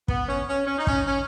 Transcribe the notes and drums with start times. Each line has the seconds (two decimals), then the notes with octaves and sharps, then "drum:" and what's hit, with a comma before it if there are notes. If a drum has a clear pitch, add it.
0.08 B3, drum: kick
0.28 C#4
0.48 C#4
0.67 C#4
0.78 D#4
0.87 C#4, drum: kick
1.06 C#4